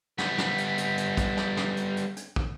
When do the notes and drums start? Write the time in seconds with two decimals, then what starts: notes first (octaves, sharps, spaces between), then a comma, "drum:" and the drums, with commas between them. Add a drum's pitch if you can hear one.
0.18 G3 B3, drum: snare
0.38 drum: snare
0.58 drum: hi-hat
0.78 drum: hi-hat
0.98 drum: hi-hat
1.17 drum: kick, hi-hat
1.37 drum: snare
1.57 drum: snare
1.77 drum: hi-hat
1.97 drum: hi-hat
2.17 drum: hi-hat
2.36 drum: kick